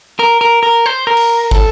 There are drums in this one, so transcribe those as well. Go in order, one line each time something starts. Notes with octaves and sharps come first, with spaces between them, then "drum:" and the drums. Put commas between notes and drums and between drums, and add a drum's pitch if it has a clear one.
A#4
A#4
A#4
C5
A#4
drum: cymbal
A4, drum: kick